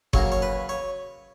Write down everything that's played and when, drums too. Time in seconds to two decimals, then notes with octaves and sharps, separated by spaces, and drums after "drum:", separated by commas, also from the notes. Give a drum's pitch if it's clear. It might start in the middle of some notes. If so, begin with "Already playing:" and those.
0.13 C#3 F#3 A#3 C#5, drum: kick F#1
0.32 C#5
0.42 B4
0.69 C#5